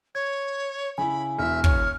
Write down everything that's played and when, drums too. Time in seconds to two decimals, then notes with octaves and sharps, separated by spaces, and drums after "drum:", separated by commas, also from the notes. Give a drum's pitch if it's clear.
0.15 C#5 G#6
0.98 C#3 E4 G#5 B5
1.39 E1 E3 E5 F6
1.64 C#5, drum: kick